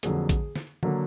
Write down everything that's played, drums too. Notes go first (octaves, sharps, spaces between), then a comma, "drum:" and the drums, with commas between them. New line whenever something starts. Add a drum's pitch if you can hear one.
F2 D3 F#3 A#3 G#4, drum: hi-hat
drum: kick, hi-hat
drum: snare
D3 F#3 A#3, drum: tom D#3